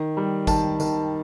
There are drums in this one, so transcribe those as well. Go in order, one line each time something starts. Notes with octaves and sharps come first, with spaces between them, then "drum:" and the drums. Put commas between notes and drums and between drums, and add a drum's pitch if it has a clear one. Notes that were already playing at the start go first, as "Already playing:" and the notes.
Already playing: D#3
G3
D#3 A5, drum: kick G#1, tambourine
D#3, drum: tambourine